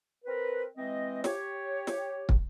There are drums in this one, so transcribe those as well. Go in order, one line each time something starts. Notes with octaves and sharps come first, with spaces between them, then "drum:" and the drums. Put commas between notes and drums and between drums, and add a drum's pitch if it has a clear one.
C4 A#4 B4
E3 G#3 C4 D#5
G4 C#5, drum: snare
drum: snare
drum: kick